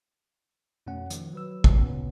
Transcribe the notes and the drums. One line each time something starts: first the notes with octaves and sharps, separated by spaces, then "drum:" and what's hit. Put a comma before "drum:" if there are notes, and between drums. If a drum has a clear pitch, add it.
F2 B2 A3 C#4 F#5
D#3 F3, drum: hi-hat
F#3 B4 E6
drum: kick
D2 A#2 C#3 B3 C#4